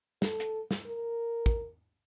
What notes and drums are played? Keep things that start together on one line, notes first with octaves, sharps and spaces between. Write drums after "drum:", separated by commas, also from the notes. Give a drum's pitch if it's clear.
A4, drum: snare
drum: hi-hat
drum: snare
A#4
drum: kick